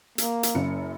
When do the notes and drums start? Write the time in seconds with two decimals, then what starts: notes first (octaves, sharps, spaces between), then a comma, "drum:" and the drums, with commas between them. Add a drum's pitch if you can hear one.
0.18 A#3, drum: hi-hat
0.43 drum: hi-hat
0.55 F#1 F#2 C#7